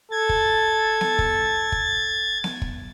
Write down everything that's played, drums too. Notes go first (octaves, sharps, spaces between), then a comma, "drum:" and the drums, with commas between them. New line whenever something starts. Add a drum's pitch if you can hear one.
A4 G#6 A6
drum: kick
drum: snare B3
drum: kick
drum: kick
drum: snare B3
drum: kick